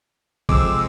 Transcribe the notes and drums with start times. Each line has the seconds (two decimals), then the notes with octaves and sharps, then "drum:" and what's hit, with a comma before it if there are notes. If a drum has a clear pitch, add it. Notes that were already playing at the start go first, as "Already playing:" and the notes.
0.49 F2 C3 G#3 C4 D6 E6, drum: kick